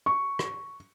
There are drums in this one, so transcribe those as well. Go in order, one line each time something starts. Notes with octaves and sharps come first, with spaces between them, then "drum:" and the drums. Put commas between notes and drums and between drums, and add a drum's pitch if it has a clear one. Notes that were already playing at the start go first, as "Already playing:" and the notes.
C#6
drum: rim click